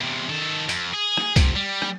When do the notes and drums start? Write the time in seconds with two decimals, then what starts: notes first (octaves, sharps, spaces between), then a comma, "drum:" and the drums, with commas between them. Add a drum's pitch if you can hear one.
0.01 E2 C3
0.29 D#3 A4
0.69 F2, drum: hi-hat
0.94 G#4
1.17 drum: rim click
1.36 F2 C3, drum: kick C2, hi-hat
1.56 G3
1.82 drum: rim click